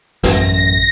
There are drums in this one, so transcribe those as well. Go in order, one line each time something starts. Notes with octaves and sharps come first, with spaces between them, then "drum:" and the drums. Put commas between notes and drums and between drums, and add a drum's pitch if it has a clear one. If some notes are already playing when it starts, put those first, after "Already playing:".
A1 F#2 A#6, drum: snare